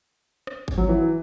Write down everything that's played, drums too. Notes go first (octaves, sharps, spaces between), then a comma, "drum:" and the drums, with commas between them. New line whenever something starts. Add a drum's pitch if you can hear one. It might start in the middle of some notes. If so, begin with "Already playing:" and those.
drum: rim click
drum: kick G1
F#3
E3